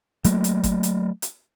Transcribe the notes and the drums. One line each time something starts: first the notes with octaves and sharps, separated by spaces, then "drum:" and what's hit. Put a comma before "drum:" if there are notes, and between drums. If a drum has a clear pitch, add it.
F#3 A3 A#3, drum: hi-hat
drum: hi-hat
drum: kick G1, hi-hat
drum: hi-hat
drum: hi-hat